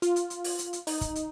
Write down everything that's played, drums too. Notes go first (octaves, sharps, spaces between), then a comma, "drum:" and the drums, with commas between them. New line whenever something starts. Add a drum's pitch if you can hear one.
F4, drum: hi-hat
drum: hi-hat
drum: hi-hat
drum: open hi-hat
drum: hi-hat
drum: hi-hat
D#4, drum: open hi-hat
drum: kick, hi-hat
drum: hi-hat